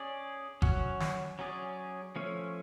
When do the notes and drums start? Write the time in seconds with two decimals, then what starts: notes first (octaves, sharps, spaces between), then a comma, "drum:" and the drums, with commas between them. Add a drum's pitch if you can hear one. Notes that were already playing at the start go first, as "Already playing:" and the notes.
Already playing: C#4 G#4 D5
0.62 F#3 C#4 F#4, drum: kick G1
1.00 drum: snare
1.39 F#3 C#4 G#4 D5
2.16 F3 A3 C#4